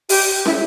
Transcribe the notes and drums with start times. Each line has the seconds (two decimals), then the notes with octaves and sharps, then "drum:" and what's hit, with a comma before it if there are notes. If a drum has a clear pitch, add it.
0.09 G4, drum: open hi-hat
0.45 E4, drum: snare